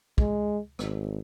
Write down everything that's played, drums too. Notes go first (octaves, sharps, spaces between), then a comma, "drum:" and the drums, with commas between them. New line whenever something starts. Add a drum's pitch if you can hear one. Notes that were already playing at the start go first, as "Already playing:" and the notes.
G#3, drum: kick
G#1, drum: rim click